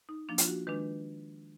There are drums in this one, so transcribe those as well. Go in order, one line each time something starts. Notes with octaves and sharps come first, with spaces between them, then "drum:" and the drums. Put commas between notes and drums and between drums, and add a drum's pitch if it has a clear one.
D#4
F3 A#3 D4
F4, drum: hi-hat
F#4
D#3 G#3 D4 B4